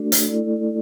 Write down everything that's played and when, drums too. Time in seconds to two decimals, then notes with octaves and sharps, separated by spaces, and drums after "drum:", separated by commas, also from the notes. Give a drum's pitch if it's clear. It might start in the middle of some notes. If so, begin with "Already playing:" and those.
Already playing: A3 D4 F#4 A4 D5
0.12 drum: hi-hat
0.27 A3 E4 A4 D5